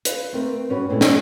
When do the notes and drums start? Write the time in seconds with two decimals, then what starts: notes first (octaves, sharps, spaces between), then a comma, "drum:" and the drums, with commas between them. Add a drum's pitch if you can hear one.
0.05 B4 C5 F5, drum: hi-hat
0.33 A3 C4 A#4 E5
0.69 G2 C#4 F#4 B4
0.89 G2 A#2 G#3 A3 C4 E4
1.01 B2, drum: snare